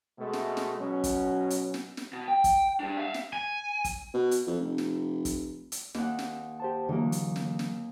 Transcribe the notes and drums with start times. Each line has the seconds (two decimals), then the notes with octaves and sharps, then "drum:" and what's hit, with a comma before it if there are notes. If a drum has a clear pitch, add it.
0.19 B2 G#3 A3
0.33 drum: snare
0.57 drum: snare
0.79 B2 F#3 C#4
1.04 drum: kick, hi-hat
1.50 drum: hi-hat
1.74 drum: snare
1.97 drum: snare
2.13 B2
2.28 G5
2.44 drum: kick, hi-hat
2.80 G3 D4
2.97 E5 F5
3.14 drum: snare
3.33 G#5
3.85 drum: kick, hi-hat
4.14 B2
4.31 drum: hi-hat
4.47 F2
4.61 F1
4.78 drum: snare
5.25 drum: kick, hi-hat
5.72 drum: hi-hat
5.94 D#2 F#5, drum: snare
6.19 drum: snare
6.60 G4 C5 A5
6.89 D#2 D3 E3 F#3 A#3
7.12 drum: hi-hat
7.36 drum: snare
7.59 drum: snare